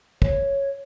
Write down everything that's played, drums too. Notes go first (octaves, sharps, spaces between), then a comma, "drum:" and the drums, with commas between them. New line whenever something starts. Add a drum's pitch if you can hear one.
C#5, drum: kick